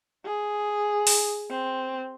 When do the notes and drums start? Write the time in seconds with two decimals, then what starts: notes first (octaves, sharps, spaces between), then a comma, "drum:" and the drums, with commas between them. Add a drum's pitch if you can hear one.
0.25 G#4
1.07 drum: open hi-hat
1.50 C4